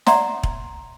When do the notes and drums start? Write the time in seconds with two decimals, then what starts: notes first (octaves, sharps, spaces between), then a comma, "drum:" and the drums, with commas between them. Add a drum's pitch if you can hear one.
0.06 C#5 D5 E5 F#5 A#5 C6, drum: snare
0.43 drum: kick E1